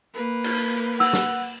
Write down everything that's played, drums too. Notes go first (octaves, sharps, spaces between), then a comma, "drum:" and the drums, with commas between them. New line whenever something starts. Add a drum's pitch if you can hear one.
A#3 B4
drum: cymbal
F#5 E6, drum: open hi-hat
drum: snare